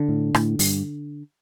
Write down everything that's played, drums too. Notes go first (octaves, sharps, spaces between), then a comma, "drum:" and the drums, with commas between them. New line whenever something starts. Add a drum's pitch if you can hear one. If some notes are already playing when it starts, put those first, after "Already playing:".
Already playing: D3
A2
A2, drum: rim click
G2, drum: open hi-hat